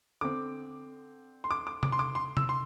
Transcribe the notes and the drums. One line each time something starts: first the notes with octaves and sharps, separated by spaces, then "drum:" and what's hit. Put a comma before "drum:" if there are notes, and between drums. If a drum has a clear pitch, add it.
D3 C4 D6
C6
D6
D6
D6, drum: tom C3
C6
D6
C6
E6, drum: tom C3
C6